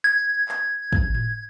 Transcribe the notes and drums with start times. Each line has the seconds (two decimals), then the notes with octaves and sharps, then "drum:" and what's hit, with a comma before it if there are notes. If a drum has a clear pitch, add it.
0.04 G#6
0.48 drum: clap
0.93 drum: kick
1.15 drum: tom A2